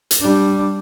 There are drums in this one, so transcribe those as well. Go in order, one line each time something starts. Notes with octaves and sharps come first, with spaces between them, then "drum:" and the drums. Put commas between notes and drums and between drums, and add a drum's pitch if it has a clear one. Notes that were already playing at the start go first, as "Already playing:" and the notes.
drum: hi-hat
G3 D4